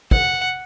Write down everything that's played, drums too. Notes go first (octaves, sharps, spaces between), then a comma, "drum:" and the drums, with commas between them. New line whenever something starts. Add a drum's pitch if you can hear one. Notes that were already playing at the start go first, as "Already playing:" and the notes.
F#5, drum: kick